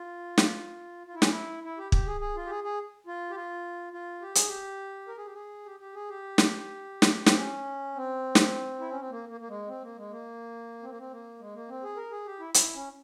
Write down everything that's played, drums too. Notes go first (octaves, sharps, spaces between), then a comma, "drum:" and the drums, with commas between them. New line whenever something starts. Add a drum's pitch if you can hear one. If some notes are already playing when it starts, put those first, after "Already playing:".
Already playing: F4
drum: snare
F4
E4
C#4, drum: snare
E4
E4
G4
G4, drum: kick
G#4
G#4
F4
G4
G#4
G#4
F4
G4
F4
F4
G4
G#4, drum: hi-hat
G4
A#4
G#4
G4
G#4
G4
G4
G#4
G4
drum: snare
drum: snare
C4, drum: snare
C#4
C4
drum: snare
E4
C#4
C4
A#3
A#3
A#3
G#3
C4
A#3
G#3
A#3
C4
A#3
C4
A#3
G#3
A#3
C4
G#4
A#4
G#4
G4
E4
E4, drum: hi-hat
C#4